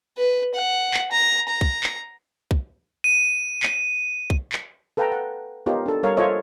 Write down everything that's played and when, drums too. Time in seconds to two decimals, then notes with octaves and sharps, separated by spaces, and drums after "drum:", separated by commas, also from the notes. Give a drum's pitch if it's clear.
0.18 B4
0.54 F#5
0.94 drum: clap
1.11 A#5
1.49 A#5
1.61 drum: kick
1.84 drum: clap
2.51 drum: kick
3.04 D#7
3.63 drum: clap
4.30 drum: kick
4.52 drum: clap
4.97 A4 B4 F5 G5 A5 A#5
5.12 F#5
5.66 B3 D#4 F4 G4 A#4 C#5
5.86 D4 A4
6.03 G3 A#4 C#5 F5
6.17 F4 A4 C5 C#5 D#5 E5